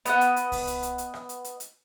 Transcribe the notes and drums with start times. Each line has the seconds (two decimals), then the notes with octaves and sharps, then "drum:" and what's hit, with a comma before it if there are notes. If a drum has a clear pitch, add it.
0.05 B3 D#5 F#5, drum: hi-hat
0.21 drum: hi-hat
0.36 drum: hi-hat
0.52 drum: kick C2, open hi-hat
0.67 drum: hi-hat
0.83 drum: hi-hat
0.98 drum: hi-hat
1.14 drum: rim click
1.29 drum: hi-hat
1.44 drum: hi-hat
1.60 drum: hi-hat